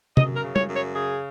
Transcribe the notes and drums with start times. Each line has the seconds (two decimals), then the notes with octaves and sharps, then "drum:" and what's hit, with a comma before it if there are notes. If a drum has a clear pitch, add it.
0.17 F#2 D#5, drum: tom
0.36 A#4
0.43 C#3
0.56 C#5, drum: tom
0.69 F#2
0.75 C#5
0.94 C#3 G#4